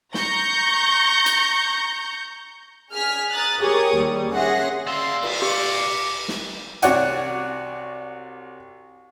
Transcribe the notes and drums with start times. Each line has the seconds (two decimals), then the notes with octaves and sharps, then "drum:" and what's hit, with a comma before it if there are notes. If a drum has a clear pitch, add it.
0.14 A#5 C#6 G6 A#6, drum: snare
1.26 drum: hi-hat
2.91 G#4 G#5 F6 B6
3.30 A#5 D#6 F#6 A6
3.60 G4 G#4 A#4 C#5 C#6 D#6
3.96 D#2 G3
4.34 C#4 G#4 E5 F#5 C6 A#6
4.87 D5 F5 C6 E6
5.23 drum: cymbal
5.42 G4 C#6 D6
6.28 drum: snare
6.82 C2 F#4 C#5 D5 F#5 G#5, drum: hi-hat